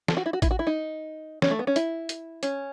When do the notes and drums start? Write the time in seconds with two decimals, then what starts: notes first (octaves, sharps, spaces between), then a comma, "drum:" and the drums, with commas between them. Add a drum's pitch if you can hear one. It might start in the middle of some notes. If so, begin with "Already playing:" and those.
0.08 A4, drum: snare
0.17 F#4
0.26 E4
0.33 F#4
0.42 E4, drum: kick A1, hi-hat
0.51 F#4
0.59 E4
0.67 D#4
1.42 C#4, drum: snare
1.51 A3
1.59 B3
1.67 C#4
1.76 E4, drum: hi-hat
2.09 drum: hi-hat
2.43 C#4, drum: hi-hat